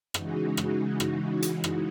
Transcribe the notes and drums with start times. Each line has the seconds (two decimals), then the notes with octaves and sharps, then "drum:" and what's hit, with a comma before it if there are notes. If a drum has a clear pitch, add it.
0.14 C#3 E3 G#3 D#4 F#4, drum: rim click
0.57 drum: rim click
1.00 drum: rim click
1.42 drum: hi-hat
1.64 drum: rim click